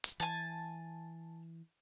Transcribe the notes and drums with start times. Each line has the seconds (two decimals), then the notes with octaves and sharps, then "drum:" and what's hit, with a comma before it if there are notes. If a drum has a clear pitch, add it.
0.04 drum: hi-hat
0.20 E3 G#5 A5